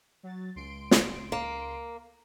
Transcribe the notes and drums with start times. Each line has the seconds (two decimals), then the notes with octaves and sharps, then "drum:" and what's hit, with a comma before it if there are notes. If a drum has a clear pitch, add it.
0.23 F#3 A6
0.56 C#2 C6 D7
0.91 drum: snare
1.32 A#3